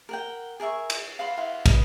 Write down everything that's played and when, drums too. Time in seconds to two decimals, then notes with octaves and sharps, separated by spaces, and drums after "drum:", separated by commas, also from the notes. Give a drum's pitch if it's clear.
0.09 A#4 F#5 G5
0.60 G#4 A#4 E5 C#6
0.90 drum: cymbal
1.19 F5 F#5 B5 C6
1.37 E4 F5 F#5 C6
1.66 B4 D#5, drum: kick, cymbal